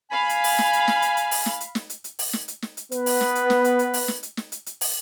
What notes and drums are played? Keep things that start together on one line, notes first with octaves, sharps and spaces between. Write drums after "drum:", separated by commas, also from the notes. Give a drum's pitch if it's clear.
F5 G#5 B5
drum: hi-hat
drum: open hi-hat
drum: snare
drum: hi-hat
drum: snare
drum: hi-hat
drum: hi-hat
drum: open hi-hat
drum: snare
drum: hi-hat
drum: snare
drum: hi-hat
drum: hi-hat
drum: open hi-hat
drum: snare
drum: hi-hat
drum: snare
drum: hi-hat
B3 B4, drum: hi-hat
drum: open hi-hat
drum: snare
drum: hi-hat
drum: snare
drum: hi-hat
drum: hi-hat
drum: open hi-hat
drum: snare
drum: hi-hat
drum: snare
drum: hi-hat
drum: hi-hat
drum: open hi-hat